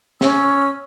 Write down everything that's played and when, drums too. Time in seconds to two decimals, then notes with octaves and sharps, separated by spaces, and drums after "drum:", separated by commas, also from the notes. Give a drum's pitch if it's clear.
0.21 C#4 E6, drum: snare